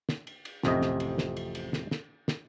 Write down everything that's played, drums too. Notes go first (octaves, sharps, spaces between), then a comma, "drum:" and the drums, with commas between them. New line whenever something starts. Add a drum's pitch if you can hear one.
drum: snare
drum: cymbal
drum: cymbal
A1 F2 C3 D#5, drum: snare
drum: snare
drum: cymbal
drum: snare
drum: cymbal
drum: cymbal
drum: snare
drum: snare
drum: snare